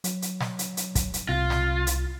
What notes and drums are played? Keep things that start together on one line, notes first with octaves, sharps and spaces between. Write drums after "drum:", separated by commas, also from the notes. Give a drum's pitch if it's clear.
F#3, drum: hi-hat
drum: hi-hat
drum: snare
drum: hi-hat
drum: hi-hat
drum: kick, hi-hat
drum: hi-hat
C2 C3 F4
drum: snare
drum: hi-hat